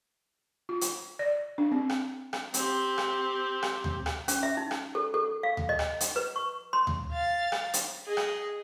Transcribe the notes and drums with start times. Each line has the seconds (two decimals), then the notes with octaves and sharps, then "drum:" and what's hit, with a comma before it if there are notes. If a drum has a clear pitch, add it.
0.69 F4
0.81 drum: hi-hat
1.19 D5
1.58 D4
1.72 C4
1.89 drum: rim click
2.33 drum: rim click
2.54 C4 G4, drum: hi-hat
2.98 drum: rim click
3.63 drum: rim click
3.84 drum: tom D2
4.06 drum: rim click
4.28 C#4, drum: hi-hat
4.43 E5
4.57 D#4
4.71 drum: rim click
4.95 A4
5.14 A4
5.43 F5
5.57 drum: tom D2
5.69 D#5
5.79 drum: rim click
6.01 drum: hi-hat
6.16 B4
6.36 C#6
6.73 C6
6.87 drum: tom D2
7.12 F5 A6
7.52 drum: rim click
7.74 drum: hi-hat
8.05 G#4 D#5
8.17 drum: rim click